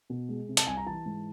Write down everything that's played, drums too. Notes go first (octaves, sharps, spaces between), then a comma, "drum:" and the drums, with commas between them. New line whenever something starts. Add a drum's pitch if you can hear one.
B2
G#3
C3
A5, drum: hi-hat
C2 G#5
A#5
E3 A5
G#2